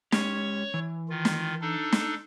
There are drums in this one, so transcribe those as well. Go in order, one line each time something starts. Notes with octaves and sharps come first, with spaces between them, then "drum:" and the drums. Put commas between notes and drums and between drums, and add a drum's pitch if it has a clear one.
G#3 C#4 G4 C#5 C#6, drum: snare
E3
D#3 F4
drum: snare
D4 D#4 A4
drum: snare